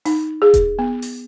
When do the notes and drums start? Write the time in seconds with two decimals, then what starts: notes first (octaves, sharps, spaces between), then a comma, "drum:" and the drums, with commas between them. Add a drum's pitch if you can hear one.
0.06 D#4, drum: open hi-hat
0.42 G#4
0.54 drum: kick E1, hi-hat
0.79 B3
1.02 drum: open hi-hat